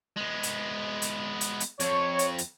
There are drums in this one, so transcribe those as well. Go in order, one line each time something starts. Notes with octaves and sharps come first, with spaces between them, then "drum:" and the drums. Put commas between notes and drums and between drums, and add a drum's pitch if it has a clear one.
G#3 B3
drum: hi-hat
drum: hi-hat
drum: hi-hat
drum: hi-hat
F2 C#5, drum: hi-hat
drum: hi-hat
drum: hi-hat